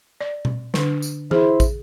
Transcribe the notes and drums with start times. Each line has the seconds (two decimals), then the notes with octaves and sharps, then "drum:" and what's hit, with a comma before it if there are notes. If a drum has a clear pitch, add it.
0.21 D5
0.45 drum: tom B2
0.74 D3 D4, drum: snare
1.02 drum: tambourine
1.31 E4 G#4 C5, drum: tom E3
1.60 drum: kick, tambourine